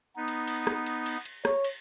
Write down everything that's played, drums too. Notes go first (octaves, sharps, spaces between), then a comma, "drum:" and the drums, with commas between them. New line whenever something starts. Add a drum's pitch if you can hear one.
B3 D#4
drum: cymbal
drum: cymbal
drum: rim click
drum: cymbal
drum: cymbal
drum: cymbal
C#5, drum: rim click
drum: cymbal